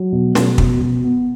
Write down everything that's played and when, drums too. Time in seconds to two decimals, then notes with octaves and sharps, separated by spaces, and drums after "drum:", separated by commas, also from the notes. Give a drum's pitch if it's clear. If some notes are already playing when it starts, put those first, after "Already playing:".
Already playing: F#3
0.12 B2
0.35 B2, drum: snare
0.58 B2, drum: kick
0.81 B2
1.04 B3